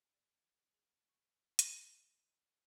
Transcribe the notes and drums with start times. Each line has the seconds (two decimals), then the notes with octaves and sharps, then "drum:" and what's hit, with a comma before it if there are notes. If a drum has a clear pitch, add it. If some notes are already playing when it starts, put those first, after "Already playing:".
0.15 D5
0.55 F7
0.74 G#4
1.09 C#6
1.59 drum: hi-hat
1.98 D5